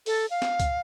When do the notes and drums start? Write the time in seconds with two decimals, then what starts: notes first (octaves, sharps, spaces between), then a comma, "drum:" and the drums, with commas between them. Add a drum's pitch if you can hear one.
0.06 A4, drum: open hi-hat
0.30 F5
0.42 drum: snare
0.60 drum: kick C#2, hi-hat